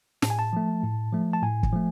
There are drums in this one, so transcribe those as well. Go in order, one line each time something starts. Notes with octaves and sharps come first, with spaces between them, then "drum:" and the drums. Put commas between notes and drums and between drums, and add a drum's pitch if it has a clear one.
A2 A5, drum: snare
G#5
A5
F3 A3
A2
F3 A3
A5
A2 G#5
drum: kick
F3 A3